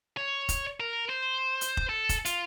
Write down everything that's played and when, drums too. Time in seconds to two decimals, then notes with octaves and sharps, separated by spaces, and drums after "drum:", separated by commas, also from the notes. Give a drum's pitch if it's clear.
0.17 C#5
0.49 drum: kick F1, hi-hat
0.80 A#4
1.09 C5
1.61 drum: hi-hat
1.77 drum: kick F1
1.89 A4
2.09 drum: kick F1, hi-hat
2.25 F4, drum: hi-hat